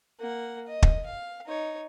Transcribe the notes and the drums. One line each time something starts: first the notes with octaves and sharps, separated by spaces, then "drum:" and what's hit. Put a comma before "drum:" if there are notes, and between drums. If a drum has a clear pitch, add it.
A#3 F#5
D#5
drum: kick
F5
D#4 C#5